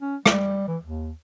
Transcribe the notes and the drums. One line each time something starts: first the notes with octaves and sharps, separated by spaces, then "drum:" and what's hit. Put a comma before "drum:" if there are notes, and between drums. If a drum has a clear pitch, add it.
C#4
G3, drum: rim click
E3
D#2